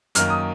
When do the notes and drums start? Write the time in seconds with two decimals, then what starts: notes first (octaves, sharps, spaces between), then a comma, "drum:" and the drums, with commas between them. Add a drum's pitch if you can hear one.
0.15 F#2 D#3 A#3 F6, drum: hi-hat
0.30 D#6